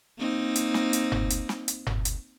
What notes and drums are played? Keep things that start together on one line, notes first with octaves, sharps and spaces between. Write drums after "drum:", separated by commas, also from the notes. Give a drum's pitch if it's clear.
A#3 C4 D#4
drum: hi-hat
drum: snare
drum: hi-hat
drum: tom F#1
drum: hi-hat
drum: snare
drum: hi-hat
drum: tom F#1
drum: hi-hat